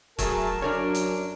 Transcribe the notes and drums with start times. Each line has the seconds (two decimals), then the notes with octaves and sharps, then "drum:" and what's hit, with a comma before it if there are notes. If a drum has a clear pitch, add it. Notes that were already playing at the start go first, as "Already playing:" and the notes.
0.19 F#3 A3 G#4 A#4 A5, drum: kick, hi-hat
0.62 F#2 D4 A#4 C#5
0.95 drum: hi-hat